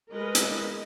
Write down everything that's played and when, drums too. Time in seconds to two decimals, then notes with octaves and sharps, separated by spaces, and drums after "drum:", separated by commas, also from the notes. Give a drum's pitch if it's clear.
0.12 G#3 A#4 B4 D#5
0.35 drum: hi-hat